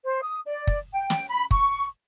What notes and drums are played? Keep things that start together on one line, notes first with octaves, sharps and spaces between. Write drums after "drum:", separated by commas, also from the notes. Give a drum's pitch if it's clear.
C5
D#6
D5
drum: kick
G5
drum: snare
B5
C#6, drum: kick